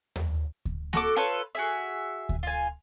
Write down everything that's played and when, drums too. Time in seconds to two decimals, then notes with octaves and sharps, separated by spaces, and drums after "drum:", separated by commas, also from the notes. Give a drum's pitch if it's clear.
0.16 drum: tom D#2
0.65 drum: kick D2
0.93 F#4 A4 D6, drum: snare A#3
1.16 F4 A4 B4 C#5
1.55 F#4 G#4 E5
2.29 drum: kick D2
2.43 F4 G#5